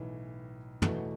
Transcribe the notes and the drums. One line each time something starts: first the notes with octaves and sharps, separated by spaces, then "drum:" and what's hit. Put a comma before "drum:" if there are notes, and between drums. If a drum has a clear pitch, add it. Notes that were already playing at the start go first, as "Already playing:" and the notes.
Already playing: B1 A2 E3
E2 B2 A3 F#4, drum: tom